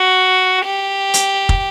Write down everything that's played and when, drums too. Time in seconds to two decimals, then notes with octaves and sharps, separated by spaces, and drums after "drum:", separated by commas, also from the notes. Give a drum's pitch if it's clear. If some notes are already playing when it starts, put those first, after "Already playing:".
Already playing: F#4
0.66 G4
1.14 drum: hi-hat
1.49 drum: kick